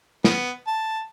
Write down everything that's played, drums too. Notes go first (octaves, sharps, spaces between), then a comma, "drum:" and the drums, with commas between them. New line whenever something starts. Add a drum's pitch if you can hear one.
B3, drum: snare
A5